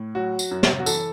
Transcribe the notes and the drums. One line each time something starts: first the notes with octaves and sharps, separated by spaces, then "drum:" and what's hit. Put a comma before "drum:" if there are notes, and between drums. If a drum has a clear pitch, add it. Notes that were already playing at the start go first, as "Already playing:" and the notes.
Already playing: A2
F#3 F#4
drum: tambourine
F#2
drum: snare
F#4
E3 A4, drum: tambourine